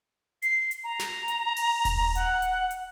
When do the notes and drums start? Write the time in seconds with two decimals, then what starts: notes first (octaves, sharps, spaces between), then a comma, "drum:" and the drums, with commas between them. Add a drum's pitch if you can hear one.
0.42 C7, drum: hi-hat
0.71 drum: hi-hat
0.84 A#5
0.99 drum: snare
1.28 drum: hi-hat
1.56 drum: open hi-hat
1.85 drum: kick D#1, open hi-hat
2.15 F#5, drum: hi-hat
2.42 drum: hi-hat
2.71 drum: hi-hat